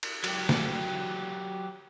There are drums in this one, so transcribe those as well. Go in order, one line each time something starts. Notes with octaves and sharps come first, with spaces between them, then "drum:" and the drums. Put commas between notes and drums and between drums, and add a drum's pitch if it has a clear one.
drum: cymbal
F#3 G4, drum: cymbal
drum: snare